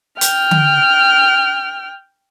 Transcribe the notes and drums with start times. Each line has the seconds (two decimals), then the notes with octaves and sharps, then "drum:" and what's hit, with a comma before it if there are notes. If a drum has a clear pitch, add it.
0.21 G5 F6, drum: hi-hat
0.51 drum: tom D3